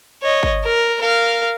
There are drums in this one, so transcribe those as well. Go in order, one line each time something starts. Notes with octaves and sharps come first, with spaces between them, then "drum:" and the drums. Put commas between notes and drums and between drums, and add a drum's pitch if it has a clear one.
C#5 D#5
drum: kick G#1
A#4
A#4 F5